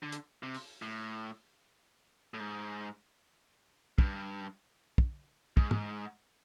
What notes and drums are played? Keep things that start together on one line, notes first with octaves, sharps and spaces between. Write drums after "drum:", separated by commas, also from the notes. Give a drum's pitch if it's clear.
D3
drum: hi-hat
C3
drum: open hi-hat
A2
A2
G#2
G2, drum: kick
drum: kick
G#2, drum: kick
drum: tom